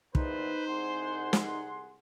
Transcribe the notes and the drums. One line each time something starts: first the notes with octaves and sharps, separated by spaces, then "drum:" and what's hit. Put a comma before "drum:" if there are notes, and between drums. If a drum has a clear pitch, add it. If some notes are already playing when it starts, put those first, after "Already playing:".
E2 A#2 D#4 B4 C5, drum: kick
C2 G#4 F#5 C6
drum: snare